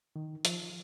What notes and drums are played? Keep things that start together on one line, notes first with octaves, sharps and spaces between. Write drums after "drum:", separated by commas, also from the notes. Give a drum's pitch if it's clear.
D#3
F3, drum: hi-hat